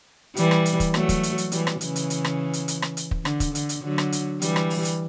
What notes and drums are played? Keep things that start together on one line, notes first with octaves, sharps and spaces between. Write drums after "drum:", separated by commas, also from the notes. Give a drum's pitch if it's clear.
E3 G3, drum: hi-hat
drum: rim click
drum: hi-hat
drum: kick, hi-hat
F#3 A3, drum: rim click
drum: kick, hi-hat
drum: hi-hat
drum: hi-hat
E3 G3, drum: hi-hat
drum: rim click
C#3 E3, drum: hi-hat
drum: hi-hat
drum: hi-hat
drum: rim click
drum: hi-hat
drum: hi-hat
drum: rim click
drum: hi-hat
drum: kick
D3, drum: rim click
drum: kick, hi-hat
D3, drum: hi-hat
drum: hi-hat
D3 F#3
drum: rim click
drum: hi-hat
E3 G3, drum: hi-hat
drum: rim click
drum: open hi-hat
drum: hi-hat